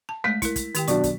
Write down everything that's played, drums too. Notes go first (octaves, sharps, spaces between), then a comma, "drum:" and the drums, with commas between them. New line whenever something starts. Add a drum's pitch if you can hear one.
A5
G#3 A3 B6
E4 A#4, drum: kick, hi-hat
drum: kick, hi-hat
D#3 G4 G5, drum: hi-hat
B2 F#3 D4 F#4 C#6, drum: hi-hat
drum: kick, hi-hat